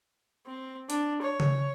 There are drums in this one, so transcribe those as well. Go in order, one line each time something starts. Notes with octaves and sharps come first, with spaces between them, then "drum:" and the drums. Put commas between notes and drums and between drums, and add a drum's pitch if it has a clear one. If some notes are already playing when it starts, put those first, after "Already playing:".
C4
D4, drum: hi-hat
C#5
drum: tom C#3